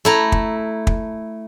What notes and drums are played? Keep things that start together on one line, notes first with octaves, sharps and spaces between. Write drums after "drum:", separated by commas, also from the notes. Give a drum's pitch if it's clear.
A3 E4 A#5
drum: kick
drum: kick